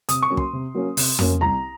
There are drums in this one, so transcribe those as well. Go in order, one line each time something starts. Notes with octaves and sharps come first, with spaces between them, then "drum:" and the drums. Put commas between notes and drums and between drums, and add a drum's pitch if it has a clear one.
C3 D#6, drum: hi-hat
C#6
F#3 A#3 C#4
C6, drum: kick
C3
F#3 A#3 C#4
C3, drum: open hi-hat
F#3 A#3 C#4, drum: tom
C2 A#5